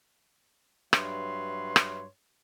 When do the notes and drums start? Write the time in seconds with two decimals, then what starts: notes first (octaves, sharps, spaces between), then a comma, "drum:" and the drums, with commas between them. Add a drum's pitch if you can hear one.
0.93 G2 F#3 B4 C#5 E5 C6, drum: rim click
1.76 drum: rim click